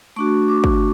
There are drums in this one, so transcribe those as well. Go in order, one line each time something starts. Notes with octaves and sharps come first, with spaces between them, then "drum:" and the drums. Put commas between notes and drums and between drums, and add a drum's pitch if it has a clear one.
A3 D4 F#4 C#6
D6
drum: kick